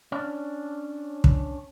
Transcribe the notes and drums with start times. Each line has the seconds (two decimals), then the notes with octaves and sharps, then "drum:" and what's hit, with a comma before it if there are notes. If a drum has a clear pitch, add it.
0.12 C#4 D4
1.24 drum: kick